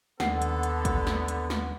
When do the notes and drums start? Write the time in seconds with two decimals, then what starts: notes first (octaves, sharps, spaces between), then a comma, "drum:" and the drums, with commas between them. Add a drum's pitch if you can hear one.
0.20 D#2 D3 B3 D4 A4 F#5, drum: snare
0.42 drum: hi-hat
0.63 drum: hi-hat
0.85 drum: kick A1, hi-hat
1.07 drum: snare
1.28 drum: hi-hat
1.50 drum: snare